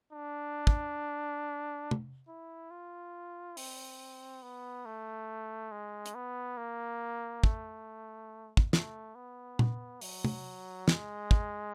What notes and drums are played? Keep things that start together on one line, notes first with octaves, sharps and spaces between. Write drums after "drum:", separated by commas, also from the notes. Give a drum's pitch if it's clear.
D4
drum: kick
drum: tom
E4
F4
C4, drum: open hi-hat
B3
A3
G#3
drum: hi-hat
B3
A#3
A3, drum: kick
drum: kick
A3, drum: snare
B3
drum: tom A#2
F#3, drum: open hi-hat
drum: tom
G#3, drum: snare
drum: kick